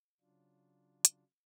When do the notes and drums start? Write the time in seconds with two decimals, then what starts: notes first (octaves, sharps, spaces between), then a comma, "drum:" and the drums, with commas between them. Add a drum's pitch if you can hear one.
0.21 C#3 F#3 D4 F4
1.05 drum: hi-hat